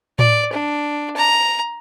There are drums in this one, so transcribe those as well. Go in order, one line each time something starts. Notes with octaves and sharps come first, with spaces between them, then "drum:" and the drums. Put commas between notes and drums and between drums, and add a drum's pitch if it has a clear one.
D5, drum: tom A2
D4
A#5